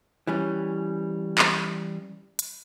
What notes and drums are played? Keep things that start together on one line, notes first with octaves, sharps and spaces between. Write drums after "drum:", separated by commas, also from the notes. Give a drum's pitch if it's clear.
E3 G3 C#4
drum: clap
drum: hi-hat